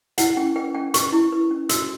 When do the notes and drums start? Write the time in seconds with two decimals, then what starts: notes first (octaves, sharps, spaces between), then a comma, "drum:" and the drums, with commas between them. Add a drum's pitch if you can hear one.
0.18 E4 F#5, drum: hi-hat
0.37 C#4 G5
0.56 B4 G5
0.75 C#4 G5
0.94 B4 C#6, drum: hi-hat
1.13 E4
1.32 B4
1.51 C#4
1.69 F#4 E6, drum: hi-hat